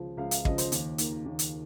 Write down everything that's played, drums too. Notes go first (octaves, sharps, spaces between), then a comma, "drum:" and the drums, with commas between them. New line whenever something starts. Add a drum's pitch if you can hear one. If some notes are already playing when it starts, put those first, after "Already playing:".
Already playing: C#2 C#3 F3
C#2 F5
F5, drum: hi-hat
C#3 F3 D#5, drum: kick
C5, drum: hi-hat
D#2, drum: hi-hat
D#3 A#3, drum: hi-hat
D#2
drum: hi-hat